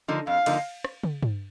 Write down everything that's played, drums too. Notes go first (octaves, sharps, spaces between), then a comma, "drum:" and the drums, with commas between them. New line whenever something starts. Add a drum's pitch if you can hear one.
D3 F3 A#3 D#4
F2 F5
D3 F3 A#3 D#4, drum: cymbal
drum: rim click
drum: tom
drum: tom G2